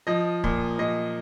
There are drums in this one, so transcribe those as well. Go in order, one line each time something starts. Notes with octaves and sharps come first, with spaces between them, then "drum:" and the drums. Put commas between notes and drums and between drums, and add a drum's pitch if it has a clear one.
F3 D#5
A#2, drum: kick
A#2 D#5